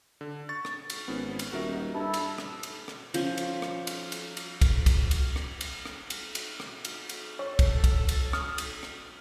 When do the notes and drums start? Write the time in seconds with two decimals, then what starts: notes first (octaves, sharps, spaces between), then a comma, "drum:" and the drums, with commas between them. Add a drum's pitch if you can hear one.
0.21 D3
0.49 C#6 A6
0.65 drum: rim click
0.90 drum: cymbal
1.08 G#1 B3 C#4
1.39 drum: cymbal
1.52 D#1 F#4 A#4 E5
1.69 D#4
1.94 G2 E4 A4
2.14 drum: cymbal
2.38 drum: rim click
2.63 drum: cymbal
2.88 drum: rim click
3.14 F3 C#4, drum: cymbal
3.38 drum: cymbal
3.62 drum: rim click
3.87 drum: cymbal
4.12 drum: cymbal
4.37 drum: cymbal
4.62 drum: kick, cymbal
4.86 drum: kick, cymbal
5.11 drum: cymbal
5.36 drum: rim click
5.61 drum: cymbal
5.85 drum: rim click
6.10 drum: cymbal
6.35 drum: cymbal
6.60 drum: rim click
6.85 drum: cymbal
7.09 drum: cymbal
7.39 A4 C#5
7.59 drum: kick, cymbal
7.84 drum: kick, cymbal
8.09 drum: cymbal
8.33 D#6 F6, drum: rim click
8.58 drum: cymbal
8.83 drum: rim click